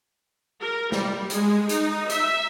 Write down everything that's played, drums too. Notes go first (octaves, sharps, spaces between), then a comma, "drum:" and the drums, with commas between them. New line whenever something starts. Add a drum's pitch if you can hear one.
A#4
G3, drum: snare
G#3, drum: hi-hat
D#4, drum: hi-hat
E5, drum: hi-hat